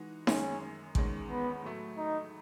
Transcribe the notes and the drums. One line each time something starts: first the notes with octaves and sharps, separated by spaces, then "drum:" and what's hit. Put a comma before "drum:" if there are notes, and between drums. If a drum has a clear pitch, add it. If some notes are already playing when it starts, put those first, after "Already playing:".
Already playing: E3 G#3 D#4 F#4
F#2 D#3 G#3 C#4, drum: snare D#4
E2 D#3 G#3 C#4, drum: kick
B3
A2 F#3 A3
D#4